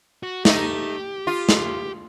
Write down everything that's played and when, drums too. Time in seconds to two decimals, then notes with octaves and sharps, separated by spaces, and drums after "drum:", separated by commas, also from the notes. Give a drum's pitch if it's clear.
0.23 F#4
0.45 A3 D#4 G4, drum: snare
1.27 F4
1.49 drum: snare